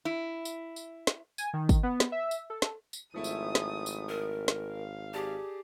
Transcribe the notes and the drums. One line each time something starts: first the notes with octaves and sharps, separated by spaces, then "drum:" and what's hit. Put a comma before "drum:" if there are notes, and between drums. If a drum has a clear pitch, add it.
E4
drum: tambourine
drum: tambourine
drum: snare
G#5, drum: tambourine
D#3
drum: kick, tambourine
B3
drum: snare
E5
drum: tambourine
A4
drum: snare
drum: tambourine
G#1 F3 A3 E4 D#6
drum: tambourine
drum: snare
drum: tambourine
A#4
drum: snare
F5
G4 G#4 D5 A5